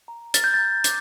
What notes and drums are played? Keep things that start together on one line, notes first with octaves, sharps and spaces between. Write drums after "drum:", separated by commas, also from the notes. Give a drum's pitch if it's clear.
A#5
F6 A6, drum: hi-hat
G6
A#5 A6
D6, drum: hi-hat